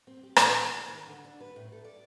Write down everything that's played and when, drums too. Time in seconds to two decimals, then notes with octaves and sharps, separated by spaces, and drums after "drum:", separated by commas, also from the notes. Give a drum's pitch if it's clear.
0.07 C4
0.23 G4
0.36 A#2, drum: rim click
0.57 E3
0.75 G#4
0.88 D#3
1.08 D3
1.25 D4
1.40 B4
1.56 A2
1.72 A4
1.85 D5